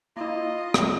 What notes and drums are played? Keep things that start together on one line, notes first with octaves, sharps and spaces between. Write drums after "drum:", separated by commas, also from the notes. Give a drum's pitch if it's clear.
A#3 E4 F4 D#5
drum: rim click